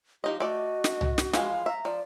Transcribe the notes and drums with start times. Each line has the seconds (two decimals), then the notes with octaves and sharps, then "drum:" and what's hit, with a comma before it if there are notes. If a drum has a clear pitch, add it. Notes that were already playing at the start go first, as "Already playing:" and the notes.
0.24 F3 D#4 G4 D#5
0.40 A3 F#4 D5 D#5
0.84 drum: snare
1.01 drum: tom C2
1.18 drum: snare
1.33 E3 F3 G#3 F5, drum: snare
1.66 E5 A#5
1.85 F3 D5